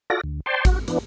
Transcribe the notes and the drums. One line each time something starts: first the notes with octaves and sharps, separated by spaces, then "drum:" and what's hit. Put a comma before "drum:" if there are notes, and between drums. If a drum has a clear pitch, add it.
F4 F#4 A4 D5 A#6
D2
C5 D5 G5 A5 C6
F#4, drum: kick A1, hi-hat
E3 B3 D4, drum: hi-hat